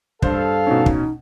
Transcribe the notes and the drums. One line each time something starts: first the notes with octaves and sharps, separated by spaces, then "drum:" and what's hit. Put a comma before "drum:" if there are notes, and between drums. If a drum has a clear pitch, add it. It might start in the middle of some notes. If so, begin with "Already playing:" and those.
G2 A4 C5 F5, drum: kick
B2 C#4 D#4
drum: kick